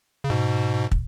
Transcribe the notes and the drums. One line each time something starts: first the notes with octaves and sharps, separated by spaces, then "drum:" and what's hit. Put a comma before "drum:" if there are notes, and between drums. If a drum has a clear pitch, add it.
C#3
G#2 B2
drum: kick